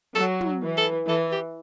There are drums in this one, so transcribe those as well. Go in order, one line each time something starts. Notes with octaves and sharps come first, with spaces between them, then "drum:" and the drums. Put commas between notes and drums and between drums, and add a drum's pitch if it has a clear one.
F#3 A4
drum: tom
E3
A4
E3 A4
G4